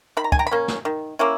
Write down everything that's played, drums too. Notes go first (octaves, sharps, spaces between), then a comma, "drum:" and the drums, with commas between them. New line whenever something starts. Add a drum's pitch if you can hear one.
D#3 B5
A#5
G#5, drum: kick
G5 A#5
B5
A#3 C#4
drum: snare
D#3
A#3 C#4 E4